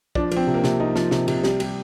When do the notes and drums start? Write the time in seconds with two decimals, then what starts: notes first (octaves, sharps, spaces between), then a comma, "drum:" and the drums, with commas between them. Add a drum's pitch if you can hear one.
0.15 F3 D4, drum: kick
0.31 F3, drum: cymbal
0.37 C4
0.47 C3
0.54 A#3
0.58 C4
0.64 C3, drum: snare
0.80 F3 D#4
0.96 F3, drum: snare
1.11 C3, drum: snare
1.28 C3, drum: cymbal
1.44 G3, drum: snare
1.60 G3, drum: cymbal